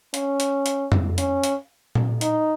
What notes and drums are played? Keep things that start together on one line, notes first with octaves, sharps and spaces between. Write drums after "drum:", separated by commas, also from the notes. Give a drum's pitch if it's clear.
C#4, drum: hi-hat
drum: hi-hat
drum: hi-hat
drum: tom F2
C#4, drum: hi-hat
drum: hi-hat
drum: tom A#2
D#4, drum: hi-hat